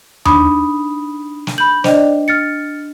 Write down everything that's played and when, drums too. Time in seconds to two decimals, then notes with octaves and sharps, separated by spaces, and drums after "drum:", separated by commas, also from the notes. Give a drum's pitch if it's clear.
0.25 D4 D#4 B5 D#6, drum: tom D#2
1.47 drum: snare
1.58 B5 G6 F#7
1.84 D4 C5 D5 D#5 G5, drum: snare
2.28 F6 A6 C#7